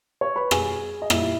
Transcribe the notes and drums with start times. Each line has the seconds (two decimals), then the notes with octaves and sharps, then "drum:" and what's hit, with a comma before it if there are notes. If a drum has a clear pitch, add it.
0.21 C#5 C#6
0.36 B4 B5
0.51 B2 G3 G#4 G#5, drum: rim click
1.02 D#5
1.10 A#2 G3 E4 E5, drum: rim click